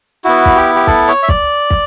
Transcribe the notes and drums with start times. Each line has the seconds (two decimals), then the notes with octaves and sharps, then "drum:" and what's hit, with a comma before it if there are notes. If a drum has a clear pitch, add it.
0.25 B3 E4 F#4
0.45 drum: kick
0.56 G4
0.75 G4
0.87 A4, drum: kick
1.08 C#5
1.23 E5
1.28 D5, drum: kick
1.70 drum: kick